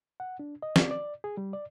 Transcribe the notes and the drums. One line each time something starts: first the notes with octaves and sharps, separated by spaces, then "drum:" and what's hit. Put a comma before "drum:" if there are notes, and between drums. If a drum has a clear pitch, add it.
F#5
D4
D#5
D5, drum: snare
D5
G#4
G3
D5